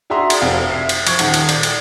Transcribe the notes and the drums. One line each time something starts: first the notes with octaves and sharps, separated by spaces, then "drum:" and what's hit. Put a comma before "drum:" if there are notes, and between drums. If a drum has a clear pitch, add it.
D4 F#4 G#4 E5 A#5 C6
drum: cymbal
F1 C4 F#4 F5
E5 C7
drum: cymbal
F3 C#6 G#6, drum: cymbal
D#1 D#3 F#5, drum: cymbal
drum: cymbal
D5, drum: cymbal
drum: cymbal